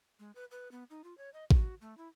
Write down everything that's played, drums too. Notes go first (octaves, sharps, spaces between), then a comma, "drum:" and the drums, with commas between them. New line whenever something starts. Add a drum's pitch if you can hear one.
G#3
B4
B4
B3
D#4
F4
C#5
D#5
F#4, drum: kick
A3
E4